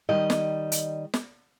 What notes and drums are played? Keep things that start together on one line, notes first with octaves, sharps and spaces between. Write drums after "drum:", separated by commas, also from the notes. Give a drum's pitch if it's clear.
D#3 G3 D#5
drum: snare
drum: hi-hat
drum: snare